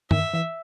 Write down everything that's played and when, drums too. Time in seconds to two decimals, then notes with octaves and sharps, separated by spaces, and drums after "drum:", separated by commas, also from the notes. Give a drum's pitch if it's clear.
0.11 D#3 E5, drum: tom
0.34 E3